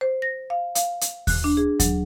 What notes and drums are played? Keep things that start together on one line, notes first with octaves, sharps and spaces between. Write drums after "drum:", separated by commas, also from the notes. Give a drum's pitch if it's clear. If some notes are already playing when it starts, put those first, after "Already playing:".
C5
A#6
F5
F5, drum: hi-hat
drum: hi-hat
F#6, drum: kick D#2, open hi-hat
D4
G#4
F#3, drum: kick D#2, hi-hat